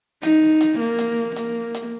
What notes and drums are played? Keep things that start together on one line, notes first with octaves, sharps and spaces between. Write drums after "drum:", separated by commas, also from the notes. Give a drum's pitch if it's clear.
D#4, drum: hi-hat
drum: hi-hat
A#3
drum: hi-hat
A#3, drum: hi-hat
drum: hi-hat